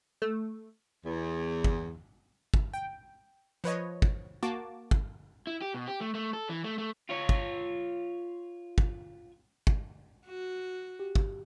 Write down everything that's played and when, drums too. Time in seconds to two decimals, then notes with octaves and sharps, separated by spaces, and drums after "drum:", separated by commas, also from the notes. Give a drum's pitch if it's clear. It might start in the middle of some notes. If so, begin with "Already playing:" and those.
0.22 A3
1.05 E2
1.64 drum: kick
2.54 drum: kick
2.74 G5
3.64 F3 B4 C#5 D#5
4.02 drum: kick
4.43 A#3 F#4 A5 D6
4.91 drum: kick
5.47 E4
5.62 G4
5.74 B2
5.87 G4
6.01 A3
6.14 A3
6.33 A4
6.49 E3
6.64 A3
6.78 A3
7.10 F4 C#5
7.29 drum: kick
8.78 drum: kick
9.67 drum: kick
10.26 F#4
10.99 G4
11.15 drum: kick